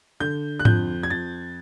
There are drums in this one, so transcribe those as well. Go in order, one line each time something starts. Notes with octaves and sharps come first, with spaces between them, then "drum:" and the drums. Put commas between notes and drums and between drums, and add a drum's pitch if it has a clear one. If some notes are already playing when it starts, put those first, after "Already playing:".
D3 G6
F#6
F2 G6, drum: tom G#2
G#6
F2 A6